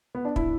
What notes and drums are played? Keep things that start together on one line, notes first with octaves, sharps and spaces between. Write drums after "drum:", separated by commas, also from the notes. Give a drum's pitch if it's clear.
B3
D4
E4, drum: kick